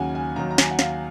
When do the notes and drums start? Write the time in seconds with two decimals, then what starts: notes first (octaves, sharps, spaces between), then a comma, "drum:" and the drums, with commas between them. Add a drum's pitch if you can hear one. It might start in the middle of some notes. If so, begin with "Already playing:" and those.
Already playing: D#2 C#3 F#3 F#5 G#5
0.15 G#5
0.36 D#2 D#3 F#3 A#5
0.51 A#5
0.58 G#5, drum: snare
0.71 F#5
0.79 F5, drum: snare